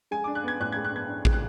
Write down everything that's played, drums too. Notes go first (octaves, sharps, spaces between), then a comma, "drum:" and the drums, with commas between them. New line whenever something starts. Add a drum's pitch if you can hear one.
G#3 G#5
D4 D6
F#6
B3 G#6
A2 F#6
G#3 G#6
F#6
B3 G#6
D4
G#3, drum: kick A1
F#6